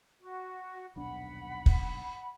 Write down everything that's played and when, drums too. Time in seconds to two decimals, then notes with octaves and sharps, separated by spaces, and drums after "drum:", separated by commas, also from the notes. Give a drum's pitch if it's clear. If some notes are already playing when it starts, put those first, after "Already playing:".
0.20 F#4
0.96 D#1 B1 D4 F#5 B5
1.66 drum: kick